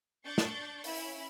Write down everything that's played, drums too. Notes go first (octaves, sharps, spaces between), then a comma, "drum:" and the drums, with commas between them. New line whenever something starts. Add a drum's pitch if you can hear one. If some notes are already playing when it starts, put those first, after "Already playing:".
D4 D5 C#6 G6 A6
drum: snare
C#4 E4, drum: open hi-hat